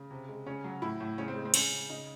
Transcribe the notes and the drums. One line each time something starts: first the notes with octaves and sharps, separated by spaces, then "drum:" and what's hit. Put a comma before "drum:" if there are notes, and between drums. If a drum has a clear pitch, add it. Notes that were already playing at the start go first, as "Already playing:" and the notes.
Already playing: C#3
C3
G#3
C#3 C#4
F#3
A2 E4
A2
C#3 C#4
C4
G#3
C4
G#3 C#4, drum: cymbal
C#3
C#3 D#4